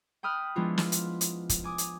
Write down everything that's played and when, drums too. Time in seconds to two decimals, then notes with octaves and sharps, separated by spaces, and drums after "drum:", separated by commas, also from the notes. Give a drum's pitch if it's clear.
0.23 G5 B5 D#6 F6 F#6
0.56 F3 G#3 B3 D4 E4 F4
0.78 drum: snare
0.92 drum: hi-hat
1.21 drum: hi-hat
1.49 drum: kick, hi-hat
1.64 G#5 D6 D#6
1.78 drum: hi-hat